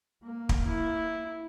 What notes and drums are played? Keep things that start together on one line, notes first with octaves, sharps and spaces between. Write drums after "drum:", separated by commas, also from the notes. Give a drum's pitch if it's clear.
A#3
drum: kick
E4